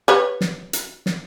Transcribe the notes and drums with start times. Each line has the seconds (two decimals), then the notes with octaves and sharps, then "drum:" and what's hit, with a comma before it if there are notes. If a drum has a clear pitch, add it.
0.08 G4 B4 C#5
0.41 drum: snare
0.73 drum: hi-hat
1.06 drum: snare